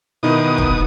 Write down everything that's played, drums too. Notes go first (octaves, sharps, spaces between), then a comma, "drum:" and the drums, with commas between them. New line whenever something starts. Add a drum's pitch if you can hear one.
B2 D#3 D#4 E4 D#6
drum: kick